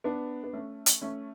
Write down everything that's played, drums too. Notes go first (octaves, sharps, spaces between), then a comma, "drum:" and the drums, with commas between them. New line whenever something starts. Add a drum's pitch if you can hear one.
B3 D4
B3
A3 C#4
drum: hi-hat
A3 C#4